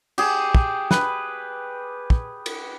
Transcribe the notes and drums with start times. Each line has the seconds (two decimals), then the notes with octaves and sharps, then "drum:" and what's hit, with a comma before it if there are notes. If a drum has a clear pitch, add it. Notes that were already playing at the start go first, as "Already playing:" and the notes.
0.18 G4 G#4, drum: cymbal
0.55 drum: kick
0.91 B4, drum: snare
2.10 drum: kick
2.46 drum: cymbal